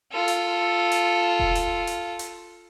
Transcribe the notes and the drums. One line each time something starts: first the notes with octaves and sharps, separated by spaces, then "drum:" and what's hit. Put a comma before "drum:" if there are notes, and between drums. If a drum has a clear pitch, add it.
F4 A4
drum: hi-hat
drum: hi-hat
drum: kick E1
drum: hi-hat
drum: hi-hat
drum: hi-hat